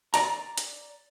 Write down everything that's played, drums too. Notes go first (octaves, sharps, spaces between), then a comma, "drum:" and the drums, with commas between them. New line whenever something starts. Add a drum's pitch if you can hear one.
D5 A#5, drum: hi-hat
drum: hi-hat